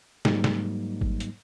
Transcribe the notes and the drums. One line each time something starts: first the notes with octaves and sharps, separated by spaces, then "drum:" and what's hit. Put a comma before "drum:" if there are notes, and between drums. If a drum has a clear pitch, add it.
G#2 F#3 G3 A#3 D#4, drum: snare
drum: snare
drum: kick G#1
drum: hi-hat